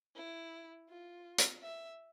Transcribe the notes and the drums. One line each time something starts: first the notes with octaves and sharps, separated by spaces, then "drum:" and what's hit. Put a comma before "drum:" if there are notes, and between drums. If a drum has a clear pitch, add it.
E4
F4
drum: hi-hat
E5